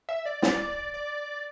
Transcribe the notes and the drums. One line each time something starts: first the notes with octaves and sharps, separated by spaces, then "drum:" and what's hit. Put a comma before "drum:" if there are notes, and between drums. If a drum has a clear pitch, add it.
E5
D5
drum: snare
D5